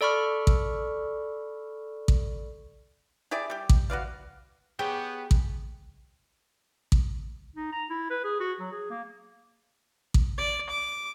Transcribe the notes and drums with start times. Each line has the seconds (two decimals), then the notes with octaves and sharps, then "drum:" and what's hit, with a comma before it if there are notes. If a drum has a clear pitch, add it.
0.01 A4 D5 B5 C#6 F6
0.47 drum: kick A1
2.08 drum: kick A1
3.31 E4 G4 G#4 D5
3.50 G3 G4
3.69 drum: kick A1
3.90 F#4 B4 D5 F5
4.79 B3 G4 G#4 C#5 G5
5.31 drum: kick A1
6.92 drum: kick A1
7.56 D#4
7.73 A#5
7.90 E4
8.10 B4
8.24 G#4
8.40 F#4
8.60 F#3
8.72 G#4
8.90 A#3
10.14 drum: kick A1
10.38 D5
10.69 D6